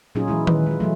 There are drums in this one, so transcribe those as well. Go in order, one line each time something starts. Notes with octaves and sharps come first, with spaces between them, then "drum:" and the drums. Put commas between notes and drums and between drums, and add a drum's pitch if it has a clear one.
A#2 F#3 C#4 D#4 F4 G#4
E3 G#3 E4
B4, drum: tom D#3
G#3 F4
E3 F#3 A3